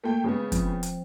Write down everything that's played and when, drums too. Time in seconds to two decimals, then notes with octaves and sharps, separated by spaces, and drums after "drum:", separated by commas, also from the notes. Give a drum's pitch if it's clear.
0.04 A3 A#3 G5
0.24 C#3 G#3 B3
0.52 F3 C4, drum: kick, hi-hat
0.83 drum: hi-hat